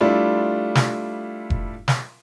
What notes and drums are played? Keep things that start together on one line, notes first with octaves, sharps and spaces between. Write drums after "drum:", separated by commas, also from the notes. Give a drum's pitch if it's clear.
G3 A3 D4 E4 F4
drum: snare
drum: kick F1
drum: snare